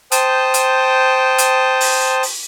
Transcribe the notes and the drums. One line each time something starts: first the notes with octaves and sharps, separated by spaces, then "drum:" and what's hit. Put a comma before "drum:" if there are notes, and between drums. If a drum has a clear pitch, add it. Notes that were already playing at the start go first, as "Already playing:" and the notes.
C5 G5 A5 D#6, drum: hi-hat
drum: hi-hat
drum: hi-hat
drum: open hi-hat
drum: open hi-hat